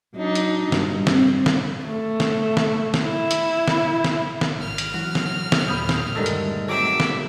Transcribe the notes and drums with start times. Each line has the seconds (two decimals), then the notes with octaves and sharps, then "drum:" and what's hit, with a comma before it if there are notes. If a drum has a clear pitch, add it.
0.16 F#3 D4 D#4
0.35 drum: hi-hat
0.72 G2, drum: snare
1.07 C4, drum: snare
1.46 drum: snare
1.85 A3
2.20 drum: snare
2.57 drum: snare
2.94 drum: snare
3.05 E4
3.31 drum: hi-hat
3.68 drum: snare
4.04 drum: snare
4.41 drum: snare
4.61 G#1 F6
4.78 drum: hi-hat
4.94 E3 F#3 F#4
5.15 drum: snare
5.52 drum: snare
5.67 D#2 A#2 B5 D#6 G6
5.89 drum: snare
6.15 G2 D3 D#3 G#3 A3 C#4 E6
6.26 drum: hi-hat
6.68 F#3 C4 E5 D6
7.00 drum: snare